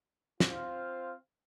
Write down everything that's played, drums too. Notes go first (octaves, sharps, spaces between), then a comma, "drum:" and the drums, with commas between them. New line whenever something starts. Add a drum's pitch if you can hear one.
C4 F4 C5 F5, drum: snare